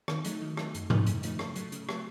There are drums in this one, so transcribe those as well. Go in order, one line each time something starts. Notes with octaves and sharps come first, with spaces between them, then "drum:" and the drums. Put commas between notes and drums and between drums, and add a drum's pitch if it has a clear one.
D#3, drum: rim click
F#3 A3 D#4, drum: hi-hat
D#3
F#3 A3 D#4, drum: rim click
F#2, drum: hi-hat
C#3 F3 A3 D#4, drum: tom G#2
F#2, drum: hi-hat
C#3 F3 A3 D#4, drum: hi-hat
C#3, drum: rim click
F#3 A3, drum: hi-hat
C#3, drum: hi-hat
F#3 A3, drum: rim click